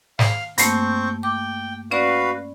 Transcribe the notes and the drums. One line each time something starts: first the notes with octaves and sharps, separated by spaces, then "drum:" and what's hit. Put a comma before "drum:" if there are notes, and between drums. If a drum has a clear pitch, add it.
F5 F6, drum: snare
G2 A3 A#3 C4 C#6 G6, drum: hi-hat
G5 D6
C#4 F#4 B4 D5 F5 B5